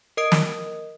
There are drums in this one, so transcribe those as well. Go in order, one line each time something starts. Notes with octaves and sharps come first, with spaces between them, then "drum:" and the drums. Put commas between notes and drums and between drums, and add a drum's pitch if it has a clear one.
A#4 D#5 D#6 D7
drum: snare